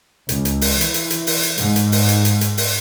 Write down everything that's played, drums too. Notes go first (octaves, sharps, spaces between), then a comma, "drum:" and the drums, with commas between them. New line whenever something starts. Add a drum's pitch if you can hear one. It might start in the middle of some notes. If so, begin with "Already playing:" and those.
C#2, drum: hi-hat
drum: hi-hat
drum: open hi-hat
E3, drum: hi-hat
drum: hi-hat
drum: hi-hat
drum: open hi-hat
drum: hi-hat
G#2, drum: hi-hat
drum: hi-hat
drum: open hi-hat
drum: hi-hat
drum: hi-hat
drum: hi-hat
drum: open hi-hat